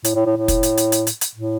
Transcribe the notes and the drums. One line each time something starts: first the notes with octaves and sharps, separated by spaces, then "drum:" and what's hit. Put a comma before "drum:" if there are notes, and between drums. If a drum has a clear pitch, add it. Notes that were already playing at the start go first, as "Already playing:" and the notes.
A2, drum: hi-hat
A2
A2
A2
drum: kick, hi-hat
drum: hi-hat
drum: hi-hat
drum: hi-hat
drum: hi-hat
drum: hi-hat
A2